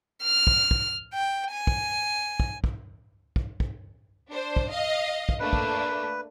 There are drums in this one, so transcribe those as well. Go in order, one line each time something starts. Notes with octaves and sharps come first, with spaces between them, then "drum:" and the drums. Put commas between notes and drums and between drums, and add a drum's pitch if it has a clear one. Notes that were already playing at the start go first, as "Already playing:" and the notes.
F6
drum: kick
drum: kick
G5
G#5
drum: kick
drum: kick
drum: kick
drum: kick
drum: kick
D4 C5
drum: kick
D#5 F5
drum: kick
A3 A#3 D4 B4
drum: kick